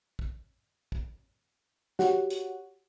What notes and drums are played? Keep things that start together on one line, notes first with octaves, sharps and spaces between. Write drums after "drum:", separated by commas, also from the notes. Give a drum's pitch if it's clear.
drum: kick
drum: kick
F#4 G4 C#5 F#5, drum: snare
drum: hi-hat